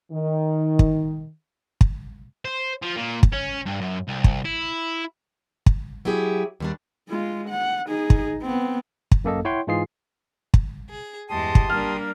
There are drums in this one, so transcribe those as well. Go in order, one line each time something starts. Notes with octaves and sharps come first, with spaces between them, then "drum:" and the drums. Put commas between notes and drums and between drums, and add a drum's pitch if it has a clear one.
D#3
drum: kick
drum: kick
C5
F3
A#2
drum: kick
C#4
G2
F#2
C2
drum: kick
E4
drum: kick
F#3 E4 G4 G#4
D#2 G3 D4
G#3 F4
F#5
D#4 G#4
drum: kick
B3 C4
drum: kick
F#2 A#3 A4 D#5
E4 C#5 F#5 G5 C6
G#2 E3 G#3 F4 G#4 C7
drum: kick
G#4
E2 G2 G#3 G4 A5 C6 D#6
drum: kick
G3 A#3 D4 F6